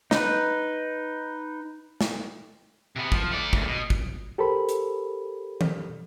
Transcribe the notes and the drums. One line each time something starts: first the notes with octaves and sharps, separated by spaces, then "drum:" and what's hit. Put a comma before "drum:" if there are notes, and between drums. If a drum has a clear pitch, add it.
D#4 B4, drum: snare
drum: snare
C3 B3
F3, drum: kick
A3 D5
D2 C#3, drum: kick
B2
drum: kick
G4 A4 A#4 C5 B5
drum: hi-hat
drum: tom D#3